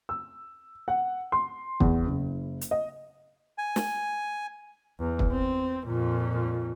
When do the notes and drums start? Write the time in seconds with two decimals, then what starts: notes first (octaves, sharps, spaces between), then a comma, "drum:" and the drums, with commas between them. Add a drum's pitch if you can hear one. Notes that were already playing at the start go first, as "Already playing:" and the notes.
0.09 E6
0.88 F#5
1.32 C6
1.80 E2, drum: kick
2.06 F#1
2.61 drum: hi-hat
2.71 D#5
3.58 G#5
3.76 drum: snare
4.99 E2
5.19 drum: kick
5.31 C4
5.87 F2 A#2